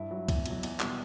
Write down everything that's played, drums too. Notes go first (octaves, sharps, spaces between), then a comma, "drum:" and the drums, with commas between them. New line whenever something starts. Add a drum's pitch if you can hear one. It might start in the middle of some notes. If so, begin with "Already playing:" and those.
Already playing: G2 E4
F#3
E2, drum: kick, cymbal
B2 F#3, drum: cymbal
E2, drum: cymbal
B2 G3, drum: clap